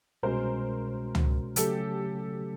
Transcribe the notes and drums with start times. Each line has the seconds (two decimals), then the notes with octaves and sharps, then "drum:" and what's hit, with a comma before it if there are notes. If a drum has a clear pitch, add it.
0.23 C2 B2 G#3 C#4 F#4 A#4 C5
1.15 drum: tom C#2
1.56 C#3 F#3 A3 C#4 G4 A4, drum: hi-hat